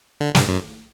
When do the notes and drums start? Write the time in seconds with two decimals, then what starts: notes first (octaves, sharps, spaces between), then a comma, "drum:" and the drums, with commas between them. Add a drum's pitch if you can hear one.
0.21 D3
0.35 G2, drum: snare
0.48 F#2